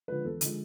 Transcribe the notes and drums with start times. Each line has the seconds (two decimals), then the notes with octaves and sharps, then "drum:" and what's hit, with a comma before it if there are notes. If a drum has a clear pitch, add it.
0.08 D3 F3 G#3 B4
0.25 E2 A4
0.41 D3 F3 G#3, drum: hi-hat